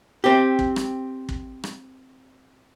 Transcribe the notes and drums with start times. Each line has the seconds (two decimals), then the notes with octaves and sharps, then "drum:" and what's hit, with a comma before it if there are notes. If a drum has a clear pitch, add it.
0.24 C4 G4
0.59 drum: kick
0.76 drum: rim click
1.29 drum: kick
1.64 drum: rim click